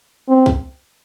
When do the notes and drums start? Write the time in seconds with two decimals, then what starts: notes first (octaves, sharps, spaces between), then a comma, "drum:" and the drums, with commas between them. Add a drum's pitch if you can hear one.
0.28 C4
0.46 drum: kick B1